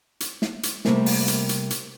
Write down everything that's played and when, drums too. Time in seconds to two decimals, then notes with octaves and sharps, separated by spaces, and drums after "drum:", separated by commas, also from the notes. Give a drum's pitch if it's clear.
0.20 drum: hi-hat
0.42 drum: snare
0.63 drum: hi-hat
0.85 C3 G3 A3 A#3 C4, drum: snare
1.06 drum: open hi-hat
1.28 drum: hi-hat
1.49 drum: hi-hat
1.70 drum: hi-hat